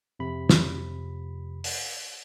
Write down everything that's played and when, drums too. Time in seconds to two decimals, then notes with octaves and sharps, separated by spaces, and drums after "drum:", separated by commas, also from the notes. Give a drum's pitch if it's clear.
0.19 F2 C3 B5
0.49 drum: snare
1.64 drum: open hi-hat